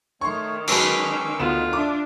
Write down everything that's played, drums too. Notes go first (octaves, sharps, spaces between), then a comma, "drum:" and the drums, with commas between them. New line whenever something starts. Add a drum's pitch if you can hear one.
D#3 A3 C#5 C6 C#6
F#3 G#3 C#4 B4 A5 D6 E6, drum: cymbal
D2 D3 B3 F4 E7
D4 E5 D6